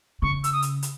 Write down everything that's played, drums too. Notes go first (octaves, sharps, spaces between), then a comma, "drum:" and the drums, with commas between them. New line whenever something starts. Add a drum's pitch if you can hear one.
C#3 C#6
E6, drum: hi-hat
D#6
drum: hi-hat
drum: hi-hat